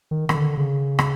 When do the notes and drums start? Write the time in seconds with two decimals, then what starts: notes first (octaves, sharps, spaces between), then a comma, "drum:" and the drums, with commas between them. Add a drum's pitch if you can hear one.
0.11 D#3
0.29 D#3, drum: rim click
0.34 D3
0.57 C#3
0.99 drum: rim click